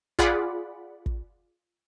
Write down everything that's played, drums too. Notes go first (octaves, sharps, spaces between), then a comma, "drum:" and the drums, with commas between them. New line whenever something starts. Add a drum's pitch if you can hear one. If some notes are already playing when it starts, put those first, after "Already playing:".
F4 G#4 D5 F#5 B5, drum: kick
drum: kick